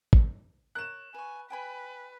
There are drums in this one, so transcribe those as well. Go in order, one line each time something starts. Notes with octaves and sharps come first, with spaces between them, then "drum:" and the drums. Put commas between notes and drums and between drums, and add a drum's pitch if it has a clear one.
drum: kick
A#4 C#5 F#6 E7
B4 G#5 C#6
B4 G5 G#5 B5